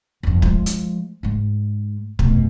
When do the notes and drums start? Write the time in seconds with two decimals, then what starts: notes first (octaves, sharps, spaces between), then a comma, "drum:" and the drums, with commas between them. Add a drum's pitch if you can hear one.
0.23 G1 F2
0.42 F3 G#3, drum: kick
0.66 drum: hi-hat
1.23 G#2 G#3
2.19 F1 B2, drum: kick